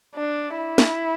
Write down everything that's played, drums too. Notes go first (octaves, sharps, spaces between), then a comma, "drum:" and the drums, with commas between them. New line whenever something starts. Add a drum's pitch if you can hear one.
D4
E4
drum: snare